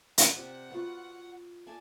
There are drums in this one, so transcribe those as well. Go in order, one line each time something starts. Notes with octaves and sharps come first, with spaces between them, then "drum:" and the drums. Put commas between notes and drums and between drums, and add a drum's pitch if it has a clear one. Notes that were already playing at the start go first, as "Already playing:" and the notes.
F#5, drum: hi-hat
C3 D5
B3 F4 F#4
D5 G#5 A5